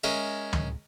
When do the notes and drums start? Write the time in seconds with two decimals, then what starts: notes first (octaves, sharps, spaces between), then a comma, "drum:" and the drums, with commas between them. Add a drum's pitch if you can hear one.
0.04 G#3 C#4 A#4 E5
0.53 drum: tom